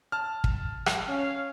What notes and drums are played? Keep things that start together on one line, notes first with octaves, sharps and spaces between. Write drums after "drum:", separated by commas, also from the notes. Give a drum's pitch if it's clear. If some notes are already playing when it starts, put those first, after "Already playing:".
A5 F6
drum: kick
drum: rim click
C#4 F5